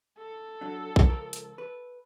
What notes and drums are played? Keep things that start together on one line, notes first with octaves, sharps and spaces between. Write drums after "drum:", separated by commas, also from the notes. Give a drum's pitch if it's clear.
A4
F#3 D4
drum: kick A#1
C#2 F3 A#4
drum: hi-hat
B4